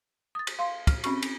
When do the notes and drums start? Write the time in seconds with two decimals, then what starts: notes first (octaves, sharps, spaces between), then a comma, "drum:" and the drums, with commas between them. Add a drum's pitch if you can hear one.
0.35 D#6 A6
0.47 drum: cymbal
0.59 F5 C6
0.87 F6, drum: kick, cymbal
1.04 C4 C#4 F#4 C#6, drum: cymbal
1.22 drum: cymbal